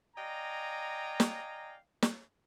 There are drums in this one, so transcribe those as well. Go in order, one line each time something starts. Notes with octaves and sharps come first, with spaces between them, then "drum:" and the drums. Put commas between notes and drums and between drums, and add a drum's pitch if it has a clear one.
D5 D#5 F5 G5 G#5 A#5
drum: snare
drum: snare